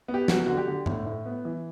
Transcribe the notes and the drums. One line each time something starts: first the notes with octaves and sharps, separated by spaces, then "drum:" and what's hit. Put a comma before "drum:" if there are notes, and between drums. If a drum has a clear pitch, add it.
B3
G4
F#3 F#4, drum: snare
D3 F#4
G4
D3
A2, drum: tom G2
A2
B3
E3